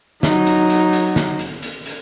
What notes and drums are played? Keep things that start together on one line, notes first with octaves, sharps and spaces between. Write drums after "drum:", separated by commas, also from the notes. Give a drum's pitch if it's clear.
F#3 D#4, drum: snare
drum: hi-hat
drum: hi-hat
drum: hi-hat
drum: snare
drum: hi-hat
drum: hi-hat
drum: hi-hat